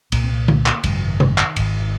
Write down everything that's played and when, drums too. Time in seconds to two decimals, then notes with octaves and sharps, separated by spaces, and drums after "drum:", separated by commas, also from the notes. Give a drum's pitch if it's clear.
0.12 C2 A#2 A#3, drum: cymbal
0.24 C4
0.34 A#3
0.48 drum: tom D3
0.66 drum: clap
0.84 G#1 F#2 C#3 G#3, drum: cymbal
0.96 F#3
1.08 D#3
1.20 D#3, drum: tom C3
1.38 drum: clap
1.56 G#1 G#2, drum: cymbal
1.82 D#3